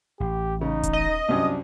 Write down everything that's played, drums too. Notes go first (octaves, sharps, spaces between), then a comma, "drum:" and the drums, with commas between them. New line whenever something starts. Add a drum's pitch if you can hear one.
A1 G4
C#3 D#4
drum: kick D#1, hi-hat
D#5
C2 F#2 D4